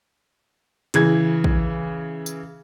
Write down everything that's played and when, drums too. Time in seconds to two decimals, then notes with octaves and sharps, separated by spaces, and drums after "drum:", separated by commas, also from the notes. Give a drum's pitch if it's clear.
0.94 C#3 E3 G#6, drum: hi-hat
1.44 drum: kick
2.26 drum: tambourine